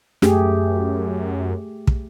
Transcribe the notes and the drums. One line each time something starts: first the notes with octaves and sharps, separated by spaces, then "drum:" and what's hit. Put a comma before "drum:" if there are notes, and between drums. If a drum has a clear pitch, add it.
F#2 A3 G4 G#4, drum: snare
drum: kick